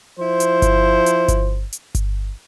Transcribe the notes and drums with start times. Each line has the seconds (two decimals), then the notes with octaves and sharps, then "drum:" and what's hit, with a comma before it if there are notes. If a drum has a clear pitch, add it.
0.18 F3 E4 C5
0.40 drum: hi-hat
0.62 drum: kick G1, hi-hat
1.06 drum: hi-hat
1.28 drum: kick G1, hi-hat
1.73 drum: hi-hat
1.95 drum: kick G1, hi-hat